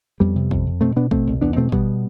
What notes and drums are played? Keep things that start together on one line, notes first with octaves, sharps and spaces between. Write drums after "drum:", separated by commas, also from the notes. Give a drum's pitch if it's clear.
F2 G3 B3
C3
F2, drum: kick
F2
B2 A3 C4
B2 B3 D4
B2 A3 C4, drum: kick
C2
E2 B3 D4
B2 A3 C4
B2 G3 B3, drum: kick